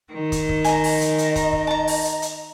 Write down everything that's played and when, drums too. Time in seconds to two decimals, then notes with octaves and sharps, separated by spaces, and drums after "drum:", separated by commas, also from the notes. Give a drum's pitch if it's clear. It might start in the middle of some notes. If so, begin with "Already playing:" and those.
0.13 D#3
0.32 drum: kick, hi-hat
0.49 drum: kick
0.64 D#5 G#5 A#5, drum: hi-hat
0.84 drum: open hi-hat
1.01 drum: hi-hat
1.18 drum: hi-hat
1.36 A#5, drum: kick, hi-hat
1.53 drum: kick
1.67 A5 A#5
1.87 drum: open hi-hat
2.05 drum: hi-hat
2.22 drum: hi-hat